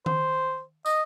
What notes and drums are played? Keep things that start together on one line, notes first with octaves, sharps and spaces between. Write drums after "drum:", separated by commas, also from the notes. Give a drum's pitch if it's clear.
C5, drum: tom D#3
D#5, drum: tambourine